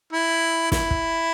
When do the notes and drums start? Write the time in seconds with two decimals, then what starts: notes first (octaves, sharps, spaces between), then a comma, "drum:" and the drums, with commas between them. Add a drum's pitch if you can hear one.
0.13 E4
0.72 E4, drum: snare
0.91 drum: kick